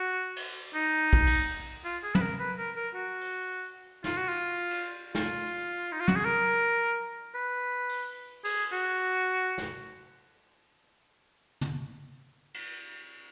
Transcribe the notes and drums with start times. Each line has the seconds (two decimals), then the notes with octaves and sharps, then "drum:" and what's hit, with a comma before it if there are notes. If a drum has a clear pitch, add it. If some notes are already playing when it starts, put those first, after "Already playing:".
Already playing: F#4
0.36 drum: cymbal
0.75 D#4
1.13 drum: kick
1.27 drum: cymbal
1.85 F4
2.03 G#4
2.15 B4, drum: tom
2.21 A#4
2.39 B4
2.58 A#4
2.76 A#4
2.94 F#4
3.21 drum: open hi-hat
4.04 F4, drum: snare
4.17 F#4
4.29 F4
4.71 drum: cymbal
5.15 F4, drum: snare
5.92 D#4
6.00 F4
6.08 F#4, drum: tom
6.16 G#4
6.25 A#4
7.35 B4
7.89 drum: open hi-hat
8.44 G#4, drum: cymbal
8.72 F#4
9.58 drum: snare
11.61 drum: tom
12.54 drum: cymbal